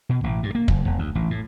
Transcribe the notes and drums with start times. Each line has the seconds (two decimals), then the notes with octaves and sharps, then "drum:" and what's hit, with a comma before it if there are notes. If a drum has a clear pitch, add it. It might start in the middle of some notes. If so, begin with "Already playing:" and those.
0.09 B2
0.24 A1
0.43 G2
0.55 A#3
0.68 F#1, drum: kick
0.85 E1
0.99 D2
1.15 A1
1.31 A2